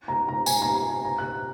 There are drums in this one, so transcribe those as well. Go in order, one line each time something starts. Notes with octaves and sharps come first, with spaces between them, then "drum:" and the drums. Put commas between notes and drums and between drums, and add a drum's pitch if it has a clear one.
A#5
A#5
G#5, drum: tambourine
A#5
A#5
G#5
A#5
F#6